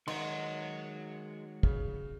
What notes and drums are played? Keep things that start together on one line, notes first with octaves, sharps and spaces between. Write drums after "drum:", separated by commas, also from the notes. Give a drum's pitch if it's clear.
D#3 G#3 F#4 C#5 D#5 F#5 C6, drum: cymbal
C#3, drum: kick